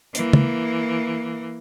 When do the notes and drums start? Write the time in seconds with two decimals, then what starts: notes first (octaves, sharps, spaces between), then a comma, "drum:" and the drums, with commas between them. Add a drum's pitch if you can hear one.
0.15 E3 A#3, drum: hi-hat
0.33 drum: tom